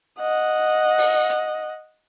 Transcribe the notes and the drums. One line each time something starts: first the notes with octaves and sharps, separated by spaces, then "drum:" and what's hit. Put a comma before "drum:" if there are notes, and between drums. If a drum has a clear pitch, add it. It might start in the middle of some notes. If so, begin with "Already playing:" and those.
D#5 F#5
drum: open hi-hat
drum: hi-hat